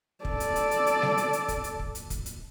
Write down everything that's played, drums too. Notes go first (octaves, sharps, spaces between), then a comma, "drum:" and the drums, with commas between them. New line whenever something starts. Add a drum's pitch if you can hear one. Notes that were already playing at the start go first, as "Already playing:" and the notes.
A4 D5, drum: kick
drum: hi-hat
drum: hi-hat
drum: hi-hat
drum: hi-hat
drum: snare G3
drum: hi-hat
drum: hi-hat
drum: kick, hi-hat
drum: hi-hat
drum: kick
drum: hi-hat
drum: kick, hi-hat
drum: hi-hat